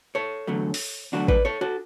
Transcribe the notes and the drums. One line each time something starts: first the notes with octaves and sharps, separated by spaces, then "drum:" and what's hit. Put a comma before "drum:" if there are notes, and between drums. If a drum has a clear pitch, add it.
A4 C#5
E2 D3 F#3 A3
drum: open hi-hat
E2 D3 F#3 A3 D4 F#4
B4 D5, drum: kick A1
A4 C#5
F#4 A4